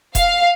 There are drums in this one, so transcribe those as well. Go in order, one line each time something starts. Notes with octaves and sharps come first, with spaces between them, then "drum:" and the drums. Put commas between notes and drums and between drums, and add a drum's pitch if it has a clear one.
F5, drum: kick E1, hi-hat